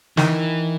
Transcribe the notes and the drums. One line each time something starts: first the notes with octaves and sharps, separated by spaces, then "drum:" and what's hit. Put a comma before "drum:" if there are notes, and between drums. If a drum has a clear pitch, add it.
D#3 E3, drum: snare